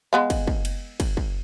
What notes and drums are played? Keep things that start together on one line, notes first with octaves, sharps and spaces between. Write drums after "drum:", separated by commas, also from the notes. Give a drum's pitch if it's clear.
G#3 B3 F5
drum: kick, cymbal
drum: kick
drum: cymbal
drum: kick, cymbal
drum: kick